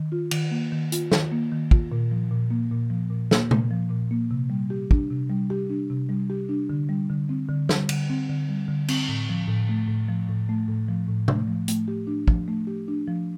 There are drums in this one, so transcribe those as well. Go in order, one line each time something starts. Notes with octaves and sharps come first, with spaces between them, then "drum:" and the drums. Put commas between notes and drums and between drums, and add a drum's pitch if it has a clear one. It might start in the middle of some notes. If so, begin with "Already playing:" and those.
Already playing: D#3
F4
D#3, drum: cymbal
A#3
D#3
F4, drum: hi-hat
D#3, drum: snare
A#3
D#3
F4, drum: kick
A#2
F3
A#2
A#3
A#2
F3
A#2
A#3, drum: snare
A#2, drum: tom C3
F3
A#2
A#3
C3
G3
G4
D4, drum: kick
C3
G3
G4
D4
C3
G3
G4
D4
D3
G3
D3
C4
D3
G3, drum: snare
D3, drum: cymbal
C4
D3
G3
D3
C4, drum: cymbal
A2
F3
A2
A3
A2
F3
A2
A3
A2
F3
A2
A3, drum: tom C3
F3
A3, drum: hi-hat
G4
D4
F3, drum: kick
A3
G4
D4
F3